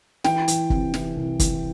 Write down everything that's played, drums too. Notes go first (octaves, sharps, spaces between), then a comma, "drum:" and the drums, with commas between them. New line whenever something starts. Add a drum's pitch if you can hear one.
E3 G5, drum: snare
E3, drum: hi-hat
C3, drum: kick
E3, drum: snare
C2
E3, drum: kick, hi-hat